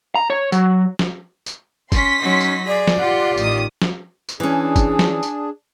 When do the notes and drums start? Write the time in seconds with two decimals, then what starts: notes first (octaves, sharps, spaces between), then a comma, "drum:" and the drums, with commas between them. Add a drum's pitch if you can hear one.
0.15 A#5
0.30 C#5
0.52 F#3, drum: tambourine
0.99 drum: snare
1.46 drum: tambourine
1.92 C#4 C6 A#6 B6, drum: kick, tambourine
2.22 F#3 C#4 D#4
2.40 drum: tambourine
2.67 G#4 D5
2.87 drum: snare
2.99 F4 G4 F#5 C6
3.37 A1 D#3 D#6, drum: tambourine
3.82 drum: snare
4.29 drum: tambourine
4.40 E3 C#4 D4 G#4
4.76 drum: kick, tambourine
4.99 drum: snare
5.23 drum: tambourine